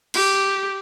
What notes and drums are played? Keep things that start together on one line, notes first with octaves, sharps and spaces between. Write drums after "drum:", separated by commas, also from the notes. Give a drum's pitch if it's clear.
G4, drum: cymbal